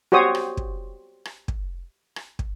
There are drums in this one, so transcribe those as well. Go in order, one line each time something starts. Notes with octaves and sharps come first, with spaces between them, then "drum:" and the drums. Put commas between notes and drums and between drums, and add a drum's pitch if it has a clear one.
F#4 G4 C5 C#5 D#6
drum: rim click
drum: kick
drum: rim click
drum: kick
drum: rim click
drum: kick